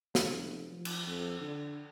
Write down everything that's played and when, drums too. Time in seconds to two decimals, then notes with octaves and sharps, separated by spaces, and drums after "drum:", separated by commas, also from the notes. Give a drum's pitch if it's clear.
0.15 F1, drum: snare
0.72 F3
0.85 drum: cymbal
1.07 F2
1.40 D3